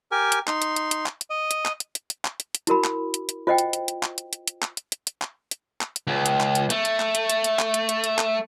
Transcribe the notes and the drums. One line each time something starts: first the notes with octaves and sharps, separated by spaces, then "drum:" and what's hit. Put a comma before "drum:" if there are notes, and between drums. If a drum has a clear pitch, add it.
G4 A#4 G#5
drum: hi-hat
D#4 C6, drum: clap
drum: hi-hat
drum: hi-hat
drum: hi-hat
drum: clap
drum: hi-hat
D#5
drum: hi-hat
drum: clap
drum: hi-hat
drum: hi-hat
drum: hi-hat
drum: clap
drum: hi-hat
drum: hi-hat
E4 F#4 A#4 B5, drum: hi-hat
drum: clap
drum: hi-hat
drum: hi-hat
F4 C5 D#5 F#5 G5
drum: hi-hat
drum: hi-hat
drum: hi-hat
drum: clap
drum: hi-hat
drum: hi-hat
drum: hi-hat
drum: clap
drum: hi-hat
drum: hi-hat
drum: hi-hat
drum: clap
drum: hi-hat
drum: clap
drum: hi-hat
C#2
drum: hi-hat
drum: clap
drum: hi-hat
A3, drum: hi-hat
drum: hi-hat
drum: clap
drum: hi-hat
drum: hi-hat
drum: hi-hat
drum: clap
drum: hi-hat
drum: hi-hat
drum: hi-hat
drum: clap